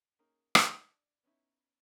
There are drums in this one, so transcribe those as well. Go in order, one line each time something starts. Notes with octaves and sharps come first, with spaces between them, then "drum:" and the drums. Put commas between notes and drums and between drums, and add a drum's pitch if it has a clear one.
A#3 C#4 D#4 G#4 A#4
drum: rim click
D4 D#5
B3 C#4 D#4 E4